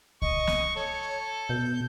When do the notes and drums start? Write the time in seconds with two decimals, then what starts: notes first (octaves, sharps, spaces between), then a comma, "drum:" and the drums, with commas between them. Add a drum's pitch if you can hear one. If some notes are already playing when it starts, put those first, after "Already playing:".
0.22 D#5 C#6, drum: kick C2
0.47 drum: snare
0.75 A4 C#5
1.49 B2 G6